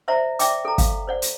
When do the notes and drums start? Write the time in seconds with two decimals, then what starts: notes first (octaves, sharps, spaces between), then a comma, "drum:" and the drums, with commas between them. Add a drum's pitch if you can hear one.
0.08 C5 D5 E5 F#5 A#5
0.39 D5 E5 G5 D6, drum: hi-hat
0.65 A4 A#5
0.78 F5, drum: kick, hi-hat
1.07 C5 D5 F#5
1.22 drum: hi-hat